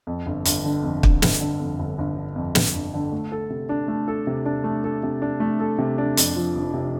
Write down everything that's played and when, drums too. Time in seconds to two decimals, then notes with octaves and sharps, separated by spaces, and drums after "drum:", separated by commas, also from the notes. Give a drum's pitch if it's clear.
0.07 F2
0.26 G1
0.45 G1, drum: hi-hat
0.65 D3
0.83 F2
1.03 G1, drum: kick
1.22 G1, drum: snare
1.41 D3
1.60 F2
1.79 G1
1.98 G1
2.16 D3
2.36 F2
2.55 G1, drum: snare
2.75 G1
2.94 D3
3.12 A3
3.32 A4
3.50 C3
3.69 D4
3.88 A3
4.08 A4
4.27 C3
4.46 D4
4.64 A3
4.84 A4
5.03 C3
5.22 D4
5.40 A3
5.60 A4
5.78 C3
5.98 D4
6.17 F2, drum: hi-hat
6.36 F3
6.55 F1
6.74 C3